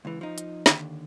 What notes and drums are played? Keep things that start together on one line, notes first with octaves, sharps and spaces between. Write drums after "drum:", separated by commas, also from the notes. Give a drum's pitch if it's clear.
C#2 E3
F3 D#4
drum: hi-hat
D#2 D3, drum: snare